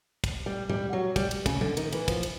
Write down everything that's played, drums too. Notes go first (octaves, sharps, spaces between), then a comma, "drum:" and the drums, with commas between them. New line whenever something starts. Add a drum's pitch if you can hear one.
drum: kick, cymbal
G3
G3, drum: tom G#2
F#3
G3, drum: kick, cymbal
drum: cymbal
C#3, drum: kick, cymbal
D3, drum: tom F#3
D#3, drum: cymbal
E3, drum: cymbal
F3, drum: kick, cymbal
drum: cymbal